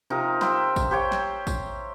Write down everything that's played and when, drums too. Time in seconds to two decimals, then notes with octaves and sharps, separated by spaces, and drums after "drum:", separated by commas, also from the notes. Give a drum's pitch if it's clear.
0.10 C3 F3 D#4 A#4
0.41 E5 G5 C6, drum: snare
0.76 drum: kick, tambourine
0.91 G4 C5 C#5 G5
1.12 drum: snare
1.47 drum: kick, tambourine